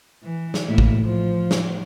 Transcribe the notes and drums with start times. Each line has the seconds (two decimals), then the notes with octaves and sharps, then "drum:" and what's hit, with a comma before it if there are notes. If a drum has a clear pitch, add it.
0.23 E3
0.54 drum: snare
0.67 A2 A#3 E4
0.78 drum: kick
1.02 F3
1.51 drum: snare